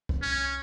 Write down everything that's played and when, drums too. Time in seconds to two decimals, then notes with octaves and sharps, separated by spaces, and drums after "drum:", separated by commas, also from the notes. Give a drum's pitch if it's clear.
0.09 drum: kick C2
0.22 C#4